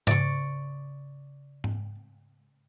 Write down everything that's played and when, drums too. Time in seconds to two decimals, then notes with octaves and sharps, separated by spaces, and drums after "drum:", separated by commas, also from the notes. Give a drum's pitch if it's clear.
0.07 C#3 D5 C#6, drum: tom G#2
1.64 drum: tom G#2